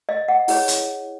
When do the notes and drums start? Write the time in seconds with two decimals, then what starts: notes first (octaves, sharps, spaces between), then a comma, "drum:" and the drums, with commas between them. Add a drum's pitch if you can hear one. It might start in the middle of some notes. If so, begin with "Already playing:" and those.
0.09 D#5
0.28 F#5
0.48 E4 G#4 C#5, drum: open hi-hat
0.68 drum: hi-hat